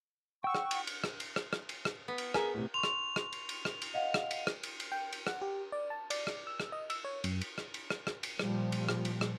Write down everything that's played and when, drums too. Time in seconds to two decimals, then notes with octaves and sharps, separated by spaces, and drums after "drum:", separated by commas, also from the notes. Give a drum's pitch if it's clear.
0.44 F#5 G5 C#6 E6
0.55 drum: rim click
0.71 drum: cymbal
0.87 drum: cymbal
1.04 drum: rim click
1.20 drum: cymbal
1.36 drum: rim click
1.53 drum: rim click
1.69 drum: cymbal
1.85 drum: rim click
2.08 B3
2.18 drum: cymbal
2.34 G#4 A#4 E5 G#5, drum: rim click
2.54 A2 C3
2.74 C6 C#6 F7
2.83 drum: rim click
3.16 drum: rim click
3.33 drum: cymbal
3.49 drum: cymbal
3.65 drum: rim click
3.82 drum: cymbal
3.94 D#5 F5 F#5
4.14 drum: rim click
4.31 drum: cymbal
4.47 drum: rim click
4.63 drum: cymbal
4.80 drum: cymbal
4.92 G5
5.12 drum: cymbal
5.27 F#5, drum: rim click
5.42 G4
5.72 D5
5.90 A5
6.10 D5, drum: cymbal
6.27 drum: rim click
6.47 E6
6.60 drum: rim click
6.72 D#5
6.90 E6, drum: cymbal
7.05 C#5
7.24 F#2, drum: cymbal
7.41 drum: cymbal
7.58 drum: rim click
7.74 drum: cymbal
7.90 drum: rim click
8.07 drum: rim click
8.23 drum: cymbal
8.39 A#2 F3 G3, drum: rim click
8.72 drum: cymbal
8.89 drum: rim click
9.05 drum: cymbal
9.21 drum: rim click